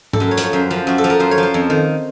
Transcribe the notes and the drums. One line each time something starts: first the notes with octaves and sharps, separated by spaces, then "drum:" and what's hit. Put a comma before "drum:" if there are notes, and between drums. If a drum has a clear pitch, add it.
A4, drum: tom G#2
F#2 A#4
C#5
F3, drum: hi-hat
C#5
F#2 C5
F3
F#2 F#4
A4
F3
A#4
F#2 C5
C#5
F3
C5
F2
D#3